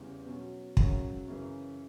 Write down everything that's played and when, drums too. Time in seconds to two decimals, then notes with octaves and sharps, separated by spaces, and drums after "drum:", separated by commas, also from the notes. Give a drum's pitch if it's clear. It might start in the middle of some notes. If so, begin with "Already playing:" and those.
Already playing: E2 C#3 E3 G3
0.25 B2 F#3 C#4
0.77 F#2 C#3 F#3 C#4, drum: kick
1.28 F#2 C#3 E3